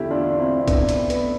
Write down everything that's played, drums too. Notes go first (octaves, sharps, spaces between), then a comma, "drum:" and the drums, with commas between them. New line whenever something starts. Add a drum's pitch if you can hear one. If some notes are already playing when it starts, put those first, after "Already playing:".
Already playing: E2 D3 E4 G4
D4 F4
C4 E4
E4
B3 D4, drum: kick, hi-hat
drum: hi-hat
B3, drum: hi-hat